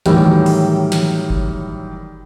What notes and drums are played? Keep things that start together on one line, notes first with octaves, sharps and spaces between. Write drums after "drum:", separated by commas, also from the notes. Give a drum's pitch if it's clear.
A2 D#3 E3 F#3 G3, drum: snare
drum: open hi-hat
drum: snare
drum: kick F#1